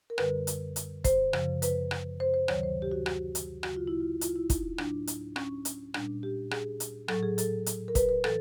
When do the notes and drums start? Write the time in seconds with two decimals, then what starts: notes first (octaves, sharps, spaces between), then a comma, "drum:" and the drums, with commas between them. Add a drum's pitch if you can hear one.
0.10 A#4
0.18 F#2 D3 G3 B4, drum: rim click
0.47 drum: hi-hat
0.76 drum: hi-hat
1.04 C5, drum: kick, hi-hat
1.33 F#2 C#3 F3, drum: rim click
1.62 B4, drum: hi-hat
1.91 drum: rim click
2.20 C5
2.34 C5
2.48 D2 C3 D#3 F#3 C#5, drum: rim click
2.63 C5
2.82 G4
2.92 F#4
3.06 F#4, drum: rim click
3.35 drum: hi-hat
3.63 D2 C#3 F#3 F#4, drum: rim click
3.76 F4
3.87 E4
4.00 F4
4.21 F4, drum: hi-hat
4.36 E4
4.50 D#4, drum: kick, hi-hat
4.78 A2 F#3 D4, drum: rim click
5.07 drum: hi-hat
5.36 C#4, drum: rim click
5.65 drum: hi-hat
5.94 A#2 G3 D4, drum: rim click
6.23 G4
6.51 G#4, drum: rim click
6.80 drum: hi-hat
7.08 A2 F#3 A4, drum: rim click
7.23 G#4
7.38 A4, drum: hi-hat
7.66 drum: hi-hat
7.88 A#4
7.95 B4, drum: kick, hi-hat
8.09 B4
8.24 A2 E3 A4, drum: rim click